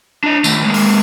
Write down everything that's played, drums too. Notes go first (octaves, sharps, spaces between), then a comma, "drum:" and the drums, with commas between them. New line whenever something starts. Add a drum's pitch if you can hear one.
D4 D#5
D#3 A3, drum: tambourine
G#3 A#3
drum: open hi-hat